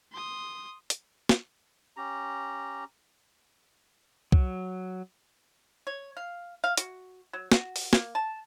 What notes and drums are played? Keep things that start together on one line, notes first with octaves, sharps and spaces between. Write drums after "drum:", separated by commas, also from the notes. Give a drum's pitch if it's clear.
C6 D#6
drum: hi-hat
drum: snare
C#4 G4 A#5
F#3, drum: kick C2
C#5
F5
F5
F#4, drum: hi-hat
F#3
F#4, drum: snare
drum: open hi-hat
A#3, drum: snare
A5